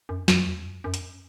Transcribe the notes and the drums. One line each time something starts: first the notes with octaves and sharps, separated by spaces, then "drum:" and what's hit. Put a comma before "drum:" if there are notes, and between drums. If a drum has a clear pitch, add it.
F#2
F#2, drum: snare
E2
F#2
F#2
drum: hi-hat